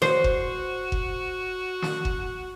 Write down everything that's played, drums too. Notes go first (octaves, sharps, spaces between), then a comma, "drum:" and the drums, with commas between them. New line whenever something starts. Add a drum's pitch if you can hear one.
F#4 C5, drum: snare
drum: kick F1
drum: kick F1
drum: snare
drum: kick F1